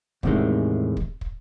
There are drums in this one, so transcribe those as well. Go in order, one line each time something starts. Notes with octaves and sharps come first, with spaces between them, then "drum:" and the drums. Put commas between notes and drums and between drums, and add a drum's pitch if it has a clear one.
E2 A2 C3 D#3 G#3, drum: kick
drum: kick
drum: kick